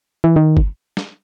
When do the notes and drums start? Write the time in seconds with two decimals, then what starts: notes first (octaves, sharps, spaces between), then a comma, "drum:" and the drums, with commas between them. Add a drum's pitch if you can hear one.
0.24 E3
0.36 D#3
0.57 drum: kick G1
0.97 drum: snare